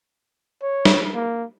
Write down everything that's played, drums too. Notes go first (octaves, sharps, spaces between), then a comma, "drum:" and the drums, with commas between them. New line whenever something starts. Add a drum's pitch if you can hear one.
C#5
drum: snare
A#3